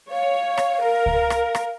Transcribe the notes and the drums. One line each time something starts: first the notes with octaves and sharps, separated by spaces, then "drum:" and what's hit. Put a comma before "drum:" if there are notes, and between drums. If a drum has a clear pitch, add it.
C#5 F5
drum: rim click
A#4
drum: kick C#2
drum: rim click
drum: rim click